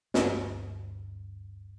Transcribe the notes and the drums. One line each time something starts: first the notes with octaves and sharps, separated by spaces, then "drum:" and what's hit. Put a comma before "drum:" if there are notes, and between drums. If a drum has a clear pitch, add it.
G1 D2, drum: snare